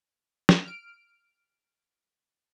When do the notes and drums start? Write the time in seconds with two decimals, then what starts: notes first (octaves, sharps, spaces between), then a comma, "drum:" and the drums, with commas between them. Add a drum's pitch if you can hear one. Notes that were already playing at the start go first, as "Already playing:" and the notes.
0.49 drum: snare
0.65 F6 D7